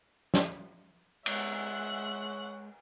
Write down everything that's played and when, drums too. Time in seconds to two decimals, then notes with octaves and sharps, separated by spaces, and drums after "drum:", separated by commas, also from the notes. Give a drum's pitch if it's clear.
0.34 drum: snare
1.26 G#3 C#5 E5 F#5 F#6, drum: cymbal